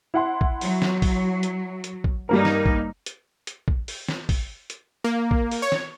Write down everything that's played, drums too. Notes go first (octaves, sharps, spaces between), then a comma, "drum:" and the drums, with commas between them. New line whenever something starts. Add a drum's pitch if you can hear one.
E4 F#5 C6
drum: kick A#1
F#3, drum: open hi-hat
drum: snare
drum: kick A#1, open hi-hat
drum: hi-hat
drum: hi-hat
drum: kick A#1
G2 G3 A#3 D#4 A#4
drum: snare
drum: kick A#1
drum: hi-hat
drum: hi-hat
drum: kick A#1
drum: open hi-hat
drum: snare
drum: kick A#1, open hi-hat
drum: hi-hat
A#3
drum: kick A#1
drum: open hi-hat
C#5
drum: snare